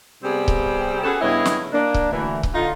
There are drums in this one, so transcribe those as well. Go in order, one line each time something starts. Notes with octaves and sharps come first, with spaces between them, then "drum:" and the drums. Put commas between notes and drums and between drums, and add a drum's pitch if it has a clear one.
C3 G3 B3 C4 G4 G#4
drum: kick C#1
C#4 F#4 G#4 A4 B4
G2 C#3 B3 E4 C#5 D#5
drum: snare
A#3 D4
drum: kick C#1
D2 E3
drum: kick C#1
D3 D#4 F4